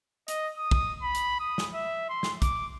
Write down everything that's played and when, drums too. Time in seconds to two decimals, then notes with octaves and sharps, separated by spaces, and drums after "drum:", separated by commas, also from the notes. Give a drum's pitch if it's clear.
0.28 D#5, drum: hi-hat
0.58 D#6
0.71 drum: kick
1.03 B5
1.15 drum: hi-hat
1.40 D#6
1.58 drum: snare
1.74 E5
2.09 C6
2.23 drum: snare
2.42 D6, drum: kick, hi-hat